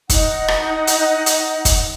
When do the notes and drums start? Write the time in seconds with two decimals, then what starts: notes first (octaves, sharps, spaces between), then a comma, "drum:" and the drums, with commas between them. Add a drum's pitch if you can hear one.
0.09 D#4 F#5, drum: kick, hi-hat
0.48 drum: rim click
0.87 drum: hi-hat
1.26 drum: hi-hat
1.65 drum: kick, hi-hat